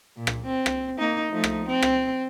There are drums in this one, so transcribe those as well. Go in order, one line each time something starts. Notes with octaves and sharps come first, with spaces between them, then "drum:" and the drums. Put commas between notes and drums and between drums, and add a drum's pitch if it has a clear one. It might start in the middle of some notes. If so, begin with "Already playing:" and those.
A#2
drum: rim click
C4
drum: rim click
A#3 D#4
F3 A3 D#4
drum: rim click
C4
drum: rim click